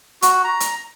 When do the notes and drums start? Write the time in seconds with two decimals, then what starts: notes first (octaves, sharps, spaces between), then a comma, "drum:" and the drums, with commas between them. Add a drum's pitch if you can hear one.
0.22 F#4, drum: hi-hat
0.44 A#5
0.60 drum: hi-hat